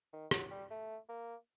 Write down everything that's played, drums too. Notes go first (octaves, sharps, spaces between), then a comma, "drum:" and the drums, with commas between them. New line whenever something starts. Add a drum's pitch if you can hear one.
D#3
F#3, drum: rim click
G3
A3
A#3